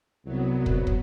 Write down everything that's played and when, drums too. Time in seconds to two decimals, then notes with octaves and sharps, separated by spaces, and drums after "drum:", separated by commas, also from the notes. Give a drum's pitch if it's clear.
0.24 C2 F#3 B3
0.66 drum: kick
0.87 drum: kick